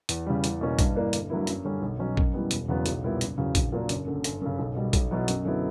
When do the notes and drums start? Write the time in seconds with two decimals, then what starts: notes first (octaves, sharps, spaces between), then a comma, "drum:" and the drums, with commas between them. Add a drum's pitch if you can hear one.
0.09 E2, drum: hi-hat
0.26 C#3 G3
0.44 E2, drum: hi-hat
0.61 B2 A#3 C#4 F#4
0.79 G2, drum: kick, hi-hat
0.96 E3 A#3 D4
1.13 G1, drum: hi-hat
1.30 G2 F#3 A#3 E4
1.47 F#2, drum: hi-hat
1.65 D3 G3 C#4
1.82 B1
1.99 B2 F#3 C#4 F#4
2.17 F#2, drum: kick
2.33 E3 G3 B3
2.51 E1, drum: hi-hat
2.68 E2 C#3 F#3 B3
2.86 B1, drum: hi-hat
3.04 A#2 G3 B3 E4
3.21 F#1, drum: hi-hat
3.38 E2 C#3 F#3
3.55 A#1, drum: kick, hi-hat
3.72 A#2 F#3 A#3 D4
3.89 F#1, drum: hi-hat
4.07 F#2 D3
4.24 G1, drum: hi-hat
4.42 F#2 C#3
4.59 B1
4.76 B2 G3
4.93 B1, drum: kick, hi-hat
5.11 B2 F#3 B3 E4
5.28 F#2, drum: hi-hat
5.45 D3 F#3 B3 E4